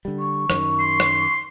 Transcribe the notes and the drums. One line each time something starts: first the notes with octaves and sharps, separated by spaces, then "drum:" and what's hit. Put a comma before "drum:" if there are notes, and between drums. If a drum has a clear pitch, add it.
D3 G3
C#6
F#2 D#3, drum: rim click
C6
drum: rim click